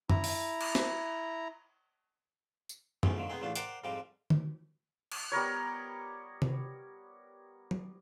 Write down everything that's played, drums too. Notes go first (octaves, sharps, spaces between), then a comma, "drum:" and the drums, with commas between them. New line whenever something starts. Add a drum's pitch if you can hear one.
E4 A#5, drum: tom F#2
drum: open hi-hat
drum: cymbal
drum: snare
drum: tambourine
G#2 B2 E3 A3 C#4, drum: tom F#2
D3 D#3 F3
G#3 B3 C4 D#4 G#4
A1 E2 A3 D4 F4
A#4 C5 D5 F#5 G5 D6, drum: hi-hat
F2 G#2 F3 G3 G5 D6
drum: tom
drum: cymbal
G3 B3 A#4 C#5
drum: tom C3
drum: tom F#3